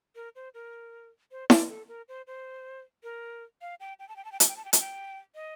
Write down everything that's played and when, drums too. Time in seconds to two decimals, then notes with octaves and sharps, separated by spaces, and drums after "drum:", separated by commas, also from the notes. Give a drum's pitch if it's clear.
0.15 A#4
0.35 C5
0.54 A#4
1.31 C5
1.50 D5, drum: snare E4
1.69 A4
1.88 A#4
2.08 C5
2.27 C5
3.03 A#4
3.61 F5
3.80 G5
3.99 G5
4.09 A5
4.16 G5
4.25 A5
4.32 G5
4.40 A5, drum: hi-hat
4.48 G5
4.57 A5
4.65 G5
4.73 A5, drum: hi-hat
4.81 G5
5.35 D#5